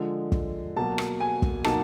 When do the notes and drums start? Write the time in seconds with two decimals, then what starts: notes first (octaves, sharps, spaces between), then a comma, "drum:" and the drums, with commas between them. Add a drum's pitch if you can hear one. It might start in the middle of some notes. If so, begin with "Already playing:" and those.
Already playing: D3 F3 G#3
0.32 drum: kick
0.76 B2 F#3 A#3 A5
0.98 drum: rim click
1.20 G#5
1.42 drum: kick
1.64 B2 F#3 A#3 D#4 A5, drum: rim click